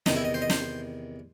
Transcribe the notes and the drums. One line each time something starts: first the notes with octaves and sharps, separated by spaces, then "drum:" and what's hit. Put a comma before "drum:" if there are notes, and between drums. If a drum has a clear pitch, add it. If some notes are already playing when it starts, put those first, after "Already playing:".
E2 C3 D#3 D#4, drum: snare
E4
D#5
C5
D#5
C5, drum: snare